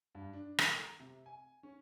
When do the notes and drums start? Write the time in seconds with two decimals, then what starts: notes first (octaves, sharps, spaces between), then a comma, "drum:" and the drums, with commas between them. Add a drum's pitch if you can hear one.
0.15 G2
0.33 D4
0.59 D#3, drum: rim click
0.70 A4
0.84 A#5
1.00 C3
1.26 G#5
1.63 C#4